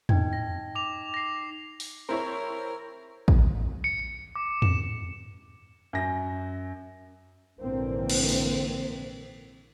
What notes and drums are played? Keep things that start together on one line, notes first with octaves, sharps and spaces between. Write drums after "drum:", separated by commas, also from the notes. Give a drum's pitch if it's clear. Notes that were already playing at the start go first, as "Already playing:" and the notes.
D#4 G5 G#6, drum: tom E2
A#6
D6 F7
A#6 C7
drum: open hi-hat
C4 E4 A#4 C#5
drum: kick
C#7
C#7
D6
E7, drum: tom E2
F#2 A#6
A#1 G#2 D3 E3 A#3 C4
drum: cymbal
drum: open hi-hat